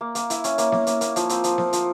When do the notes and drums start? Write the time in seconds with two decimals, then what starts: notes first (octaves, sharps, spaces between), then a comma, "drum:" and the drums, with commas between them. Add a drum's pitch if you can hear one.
0.01 A#3
0.15 A#3, drum: hi-hat
0.30 E4, drum: hi-hat
0.44 C#4, drum: hi-hat
0.58 A#3, drum: hi-hat
0.72 A#3, drum: snare B3
0.87 A#3, drum: hi-hat
1.01 A#3, drum: hi-hat
1.16 F3, drum: hi-hat
1.29 C4, drum: hi-hat
1.44 F3, drum: hi-hat
1.58 F3, drum: snare B3
1.73 F3, drum: hi-hat